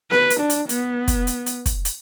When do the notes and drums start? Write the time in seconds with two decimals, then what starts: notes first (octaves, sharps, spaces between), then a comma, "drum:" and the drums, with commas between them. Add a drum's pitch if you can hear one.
0.11 B4, drum: snare B3
0.30 drum: hi-hat
0.40 D4
0.50 drum: hi-hat
0.69 B3, drum: hi-hat
1.08 drum: kick, hi-hat
1.27 drum: hi-hat
1.46 drum: hi-hat
1.66 drum: kick, hi-hat
1.85 drum: hi-hat